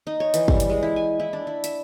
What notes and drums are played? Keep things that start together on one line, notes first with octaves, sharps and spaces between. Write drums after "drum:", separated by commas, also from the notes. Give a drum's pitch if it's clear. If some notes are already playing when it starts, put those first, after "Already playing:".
D#4
C#5
E3, drum: hi-hat
G3, drum: kick
drum: hi-hat
G#3
E4
G#5
E4
D4
E4
E5, drum: hi-hat